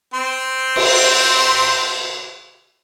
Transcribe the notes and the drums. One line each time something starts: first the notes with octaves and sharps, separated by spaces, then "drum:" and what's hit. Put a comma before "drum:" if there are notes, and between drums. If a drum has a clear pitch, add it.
C4 C6
drum: cymbal